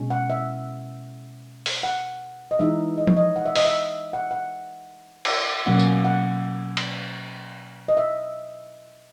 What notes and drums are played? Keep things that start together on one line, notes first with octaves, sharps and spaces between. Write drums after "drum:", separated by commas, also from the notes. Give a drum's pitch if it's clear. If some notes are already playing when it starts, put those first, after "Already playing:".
Already playing: B2 G#3 C#4
F#5
E5
drum: open hi-hat
F#5
D#5
E3 G#3 D#4 E5
D#5
C#5, drum: tom F3
D#5
F#5
E5
D#5, drum: open hi-hat
E5
F#5
F#5
drum: cymbal
B2 F#3 A#3 C#4 F#5
drum: tambourine
F#5
drum: cymbal
D#5
E5